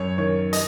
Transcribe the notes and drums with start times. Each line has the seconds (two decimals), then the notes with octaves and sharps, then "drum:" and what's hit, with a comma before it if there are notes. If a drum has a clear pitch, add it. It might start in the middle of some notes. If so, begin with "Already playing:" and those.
Already playing: F#2 C#5
0.18 D#3 C#5
0.53 D#5, drum: hi-hat